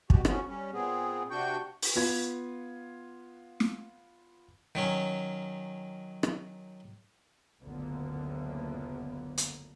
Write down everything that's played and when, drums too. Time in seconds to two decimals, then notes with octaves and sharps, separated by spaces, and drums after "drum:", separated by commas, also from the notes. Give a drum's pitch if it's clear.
0.10 B2 F#4 G4, drum: kick
0.25 D3 F3 B3 C#4 F#4, drum: rim click
0.47 G3 C#4
0.73 A#2 B3 C4 G#4
1.31 C3 D4 F#4 G5 C#6 G6
1.82 drum: open hi-hat
1.96 B3 F4 G#6
3.60 drum: snare
4.75 D#3 F#3 C#4
6.23 drum: rim click
7.63 F#1 D2 A#2 D3 A#3 B3
9.38 drum: hi-hat